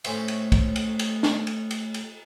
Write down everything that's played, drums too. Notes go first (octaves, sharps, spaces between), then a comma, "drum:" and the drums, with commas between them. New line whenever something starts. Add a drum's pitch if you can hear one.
A2 C#4 C5 E5, drum: cymbal
drum: cymbal
drum: kick, cymbal
drum: cymbal
drum: cymbal
drum: snare
drum: cymbal
drum: cymbal
drum: cymbal